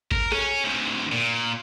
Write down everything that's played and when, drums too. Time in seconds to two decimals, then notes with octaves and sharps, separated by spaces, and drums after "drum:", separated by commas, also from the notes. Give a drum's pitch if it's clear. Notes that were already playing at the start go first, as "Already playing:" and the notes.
0.11 A#4, drum: kick
0.32 C#4, drum: rim click
0.64 D2 C3
1.12 A#2